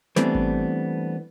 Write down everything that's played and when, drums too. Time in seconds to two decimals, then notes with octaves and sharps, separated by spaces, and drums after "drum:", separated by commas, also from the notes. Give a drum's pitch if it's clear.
0.16 E3 G3 A3 B3 C4 D4, drum: snare
0.35 drum: kick G#1